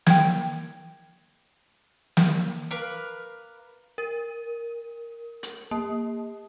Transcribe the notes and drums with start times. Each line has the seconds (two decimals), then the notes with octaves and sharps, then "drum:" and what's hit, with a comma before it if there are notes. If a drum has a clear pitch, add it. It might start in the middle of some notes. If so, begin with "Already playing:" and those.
0.06 G5 G#6, drum: snare
2.17 drum: snare
2.71 A#4 B4 F5 D6
3.98 A#4
5.43 drum: hi-hat
5.71 A#3